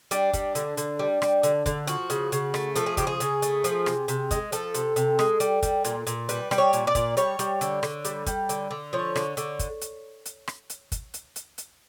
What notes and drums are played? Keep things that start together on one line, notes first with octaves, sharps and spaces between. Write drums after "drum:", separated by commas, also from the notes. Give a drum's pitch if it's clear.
G3 D4, drum: hi-hat
G3, drum: kick, hi-hat
D3, drum: hi-hat
D3, drum: hi-hat
G3
G3, drum: rim click
D3, drum: hi-hat
D3, drum: kick, hi-hat
F3 F#4, drum: hi-hat
C#3, drum: hi-hat
C#3, drum: hi-hat
A3, drum: rim click
F3 A4, drum: hi-hat
G#4
C#3 G4, drum: kick, hi-hat
G#4
C#3, drum: hi-hat
A3, drum: hi-hat
F3, drum: hi-hat
C3, drum: rim click
C3, drum: hi-hat
G#3, drum: kick, hi-hat
F3 A4, drum: hi-hat
C3, drum: hi-hat
C3, drum: hi-hat
G#3, drum: rim click
G3, drum: hi-hat
G3, drum: kick, hi-hat
A#2, drum: hi-hat
A#2, drum: hi-hat
G3 B4, drum: hi-hat
G3, drum: rim click
C#5
A#2, drum: hi-hat
D5
A#2, drum: kick, hi-hat
G3 C#5, drum: hi-hat
G3, drum: hi-hat
D3, drum: hi-hat
D3, drum: rim click
G3, drum: hi-hat
G3, drum: kick, hi-hat
D3, drum: hi-hat
D3
F3 C#5
D3, drum: rim click
D3, drum: hi-hat
drum: kick, hi-hat
drum: hi-hat
drum: hi-hat
drum: rim click
drum: hi-hat
drum: kick, hi-hat
drum: hi-hat
drum: hi-hat
drum: hi-hat